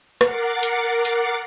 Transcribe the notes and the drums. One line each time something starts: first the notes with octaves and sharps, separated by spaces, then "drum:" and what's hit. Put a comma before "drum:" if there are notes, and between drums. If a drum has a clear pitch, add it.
A#4 F#5 D6 A6 C7 C#7, drum: rim click
drum: hi-hat
drum: hi-hat